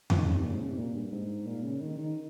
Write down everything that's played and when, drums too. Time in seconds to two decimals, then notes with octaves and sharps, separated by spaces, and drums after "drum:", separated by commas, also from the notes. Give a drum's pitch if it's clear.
0.10 F3, drum: tom F2
0.18 D#3
0.26 C#3
0.36 C3
0.44 A#2
0.53 G#2
0.61 C#3
0.70 C3
0.78 A#2
0.95 G2
1.12 G#2
1.46 A#2
1.63 C#3
1.81 D#3
1.98 D#3